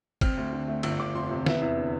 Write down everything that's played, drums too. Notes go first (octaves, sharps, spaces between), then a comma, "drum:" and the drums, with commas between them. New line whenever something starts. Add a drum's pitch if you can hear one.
C4 F6, drum: kick, cymbal
D2
D3
A3
G1 E6, drum: cymbal
G1 D6
F2 C6
C3
B3 E5, drum: snare
E2
D3